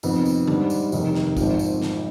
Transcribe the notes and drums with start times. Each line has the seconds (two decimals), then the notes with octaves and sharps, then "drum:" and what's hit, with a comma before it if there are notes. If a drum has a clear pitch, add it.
0.03 F1 F2 D#3 B3, drum: tambourine
0.25 drum: tambourine
0.48 G#2 G3 D4, drum: tom D3
0.70 drum: tambourine
0.92 F1 D#2 D#3, drum: tambourine
1.15 drum: snare
1.37 G#1 G#2 F3, drum: kick A#1, tambourine
1.59 drum: tambourine
1.82 drum: snare